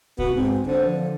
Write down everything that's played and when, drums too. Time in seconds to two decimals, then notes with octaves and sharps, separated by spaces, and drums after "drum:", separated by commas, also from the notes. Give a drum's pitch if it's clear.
0.19 B3 F#4, drum: kick
0.35 G#2 C4
0.66 D3 C5
0.86 F3